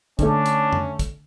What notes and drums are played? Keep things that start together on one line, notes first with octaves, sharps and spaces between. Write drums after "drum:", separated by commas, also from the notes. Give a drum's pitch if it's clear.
D3 A3 C#4 D4, drum: kick, hi-hat
drum: hi-hat
drum: tom F2
drum: kick, hi-hat